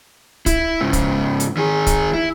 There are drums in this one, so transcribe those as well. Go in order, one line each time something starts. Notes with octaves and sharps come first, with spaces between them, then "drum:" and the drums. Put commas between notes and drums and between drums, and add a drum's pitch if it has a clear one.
E4, drum: kick, hi-hat
G#2 C#3
drum: kick, hi-hat
drum: hi-hat
D#3 G#4
drum: kick, hi-hat
E4